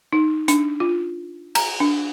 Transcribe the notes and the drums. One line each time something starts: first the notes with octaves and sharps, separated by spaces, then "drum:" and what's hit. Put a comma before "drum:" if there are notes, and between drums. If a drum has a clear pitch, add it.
D#4
D4, drum: hi-hat
F4
A#5, drum: cymbal
D4